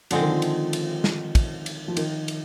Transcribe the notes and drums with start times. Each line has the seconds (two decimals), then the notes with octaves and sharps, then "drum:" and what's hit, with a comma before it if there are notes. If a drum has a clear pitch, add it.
0.11 D3 F3 G#3 C4, drum: cymbal
0.21 D#3
0.30 F3
0.42 drum: cymbal
0.73 drum: cymbal
1.04 drum: snare
1.35 drum: kick, cymbal
1.66 drum: cymbal
1.88 F3
1.97 D#3, drum: cymbal
2.28 drum: cymbal